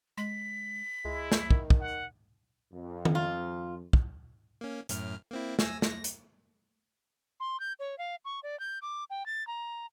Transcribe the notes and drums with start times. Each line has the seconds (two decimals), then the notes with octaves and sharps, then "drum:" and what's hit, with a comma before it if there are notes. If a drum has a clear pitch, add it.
0.18 G#3 B6
1.05 C#2 G#3 E4
1.32 drum: snare
1.51 D#3, drum: kick
1.70 drum: kick
1.80 F#5
2.73 F2
3.05 drum: tom D#3
3.15 F4
3.93 drum: kick
4.61 A#3 C#4
4.89 F#2 A2 F6, drum: hi-hat
5.31 A#3 C4 E4
5.59 G#5 E6 A#6, drum: snare
5.82 A#6, drum: snare
6.04 drum: hi-hat
7.40 C6
7.60 G6
7.79 C#5
7.98 F5
8.25 C#6
8.43 D5
8.60 G6
8.82 D6
9.10 G5
9.26 A6
9.47 A#5